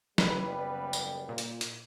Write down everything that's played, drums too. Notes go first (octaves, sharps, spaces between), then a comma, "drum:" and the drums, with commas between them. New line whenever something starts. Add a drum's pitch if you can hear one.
F#1 G3 B3 B4, drum: snare
drum: tambourine
A#2
drum: hi-hat
drum: hi-hat